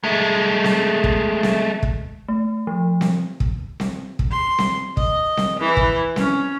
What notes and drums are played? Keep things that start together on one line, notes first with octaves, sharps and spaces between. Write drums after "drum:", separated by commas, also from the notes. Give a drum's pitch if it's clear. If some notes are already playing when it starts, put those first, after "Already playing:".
G#3 A3
drum: snare C4
drum: kick
drum: snare C4
drum: kick
A3
F3
drum: snare C4
drum: kick
drum: snare C4
drum: kick
C6
drum: snare C4
D#5, drum: kick
drum: snare C4
E3
drum: kick
C#4, drum: snare C4